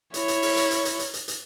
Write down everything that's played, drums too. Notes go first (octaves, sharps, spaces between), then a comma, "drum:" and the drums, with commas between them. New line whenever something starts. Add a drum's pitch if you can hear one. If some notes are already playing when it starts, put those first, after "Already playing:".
E4 C#5, drum: hi-hat
drum: hi-hat
drum: open hi-hat
drum: hi-hat
drum: hi-hat
drum: hi-hat
drum: hi-hat
drum: hi-hat
drum: hi-hat